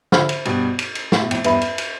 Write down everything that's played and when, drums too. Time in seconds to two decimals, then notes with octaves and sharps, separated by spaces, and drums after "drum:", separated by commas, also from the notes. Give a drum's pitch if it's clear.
0.12 D3 F3 C5 E5 B5 F6, drum: snare
0.29 drum: cymbal
0.45 G2 B2, drum: cymbal
0.79 drum: cymbal
0.95 drum: cymbal
1.12 A2, drum: snare
1.22 B2
1.31 F2 A2, drum: cymbal
1.44 E2 G2 B4 E5 B5, drum: cymbal
1.61 drum: cymbal
1.78 drum: cymbal